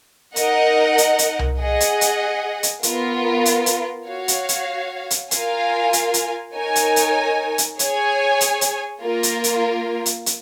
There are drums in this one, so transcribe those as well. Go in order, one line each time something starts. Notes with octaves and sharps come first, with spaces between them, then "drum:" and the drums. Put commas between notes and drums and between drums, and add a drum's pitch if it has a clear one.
D#4 A#4 D#5 F#5, drum: hi-hat
drum: hi-hat
drum: hi-hat
drum: tom C2
G#4 D#5 F#5
drum: hi-hat
drum: hi-hat
drum: hi-hat
B3 F4 A#4, drum: hi-hat
drum: hi-hat
drum: hi-hat
F#4 C#5 F5
drum: hi-hat
drum: hi-hat
drum: hi-hat
F4 A#4 F5 G#5, drum: hi-hat
drum: hi-hat
drum: hi-hat
D#4 A#4 C#5 G#5
drum: hi-hat
drum: hi-hat
drum: hi-hat
G#4 C#5 G#5, drum: hi-hat
drum: hi-hat
drum: hi-hat
A#3 F4 A#4
drum: hi-hat
drum: hi-hat
drum: hi-hat
drum: hi-hat